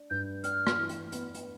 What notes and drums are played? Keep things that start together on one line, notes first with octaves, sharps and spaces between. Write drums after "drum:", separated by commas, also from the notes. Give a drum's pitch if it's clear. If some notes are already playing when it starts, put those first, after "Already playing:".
Already playing: D4
G2 G6
D4 F6, drum: hi-hat
drum: rim click
E3
drum: hi-hat
B3, drum: hi-hat
drum: hi-hat